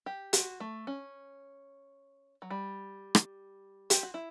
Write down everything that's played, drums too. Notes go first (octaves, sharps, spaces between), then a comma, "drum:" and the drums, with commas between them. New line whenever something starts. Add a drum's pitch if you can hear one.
G4
F#4, drum: hi-hat
A3
C#4
F#3
G3
drum: rim click
G4, drum: hi-hat
F#4
E4